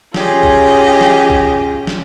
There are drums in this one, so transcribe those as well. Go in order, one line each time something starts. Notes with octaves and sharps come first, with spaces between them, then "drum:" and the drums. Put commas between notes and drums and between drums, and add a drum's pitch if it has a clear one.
C#4 F4 G4 G#4 D#5, drum: snare
drum: kick
drum: snare
drum: kick
drum: snare